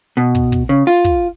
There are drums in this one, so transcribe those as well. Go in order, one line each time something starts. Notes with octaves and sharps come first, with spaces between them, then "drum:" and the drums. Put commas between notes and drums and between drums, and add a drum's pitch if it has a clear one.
B2
drum: kick
drum: kick
C#3
F4
drum: kick